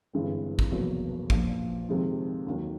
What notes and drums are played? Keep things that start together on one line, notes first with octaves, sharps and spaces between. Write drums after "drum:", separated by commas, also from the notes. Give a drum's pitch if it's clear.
G1 G2 E3 G#3 C4
drum: kick
F1 E2 B2 F#3 A#3
A#1 A#2 F3, drum: kick
F2 C3 D#3 G#3
D#2 D#3 F#3